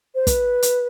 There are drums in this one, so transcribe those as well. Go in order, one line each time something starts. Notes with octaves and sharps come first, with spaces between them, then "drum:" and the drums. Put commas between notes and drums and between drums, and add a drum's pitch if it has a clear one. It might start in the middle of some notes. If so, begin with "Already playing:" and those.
C5
B4, drum: kick, hi-hat
drum: hi-hat